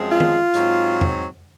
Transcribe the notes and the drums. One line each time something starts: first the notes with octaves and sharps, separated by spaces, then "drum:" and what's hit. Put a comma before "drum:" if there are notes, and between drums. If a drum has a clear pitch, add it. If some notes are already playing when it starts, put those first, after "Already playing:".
Already playing: F#2 F3 G#3 C4
F4
drum: tom D#3
G#2 F#3 C4, drum: hi-hat
drum: tom E2